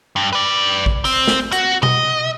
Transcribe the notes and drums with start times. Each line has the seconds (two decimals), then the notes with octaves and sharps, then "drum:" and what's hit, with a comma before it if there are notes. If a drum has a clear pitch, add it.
0.16 G2
0.33 B4 D5
0.86 drum: kick A1
1.05 C4, drum: open hi-hat
1.28 drum: snare
1.52 F#4, drum: hi-hat
1.83 D#5, drum: tom B2